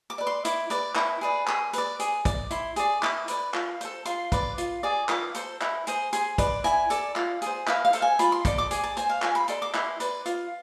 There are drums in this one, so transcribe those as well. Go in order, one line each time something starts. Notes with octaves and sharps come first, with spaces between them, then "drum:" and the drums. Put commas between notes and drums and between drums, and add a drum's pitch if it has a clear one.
D6
B4 D5
C6
E4 D6, drum: hi-hat
B4 D5, drum: hi-hat
E4, drum: clap
G#4 B4 D5
G#4, drum: clap
B4 D5, drum: hi-hat
G#4, drum: hi-hat
D5, drum: kick, hi-hat
E4 C6, drum: hi-hat
G#4 D5, drum: hi-hat
E4 D6, drum: clap
B4 D5, drum: hi-hat
F4, drum: clap
A4 C5, drum: hi-hat
F4 C6, drum: hi-hat
B4 D5, drum: kick, hi-hat
F4, drum: hi-hat
G#4 D5
F4 D6, drum: clap
A4 C5, drum: hi-hat
E4, drum: clap
G#4 C5, drum: hi-hat
G#4 C6, drum: hi-hat
B4 D5, drum: kick, hi-hat
E4 G#5, drum: hi-hat
A4 D5, drum: hi-hat
F4, drum: clap
G#4 C5, drum: hi-hat
E4 F5, drum: clap
F5
A4 C5, drum: hi-hat
G#5
F4 B5, drum: hi-hat
C6
A4 D5 D6, drum: kick, hi-hat
D6
G#4, drum: hi-hat
A5
C5 G#5, drum: hi-hat
F5
F4 G#5, drum: clap
B5
A4 D5 C6, drum: hi-hat
D6
E4 C6, drum: clap
B4 D5, drum: hi-hat
F4, drum: hi-hat